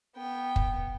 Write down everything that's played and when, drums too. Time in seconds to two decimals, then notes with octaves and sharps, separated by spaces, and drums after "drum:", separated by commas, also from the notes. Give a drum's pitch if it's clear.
0.17 B3 G5
0.56 drum: kick